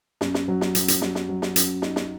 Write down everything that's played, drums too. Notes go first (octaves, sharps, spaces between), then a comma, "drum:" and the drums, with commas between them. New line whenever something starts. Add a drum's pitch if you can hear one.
F#2, drum: snare
drum: snare
F#3
drum: snare
F#2, drum: hi-hat
drum: hi-hat
F#3, drum: snare
drum: snare
F#3
drum: snare
F#2, drum: hi-hat
D#4, drum: snare
drum: snare